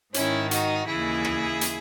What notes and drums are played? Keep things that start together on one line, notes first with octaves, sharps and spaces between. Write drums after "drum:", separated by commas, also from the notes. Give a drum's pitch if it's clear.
G#2 D#3 C#4 E4, drum: hi-hat
D#4 F#4, drum: hi-hat
D#2 C#3 E3 E4 G#4
drum: rim click
drum: hi-hat